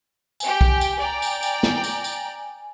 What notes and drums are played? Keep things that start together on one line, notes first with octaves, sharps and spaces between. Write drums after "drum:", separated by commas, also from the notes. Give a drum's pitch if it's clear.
G4 G5 G#5, drum: tambourine
drum: kick
drum: tambourine
D5 G5 A#5
drum: tambourine
drum: tambourine
drum: snare
drum: tambourine
drum: tambourine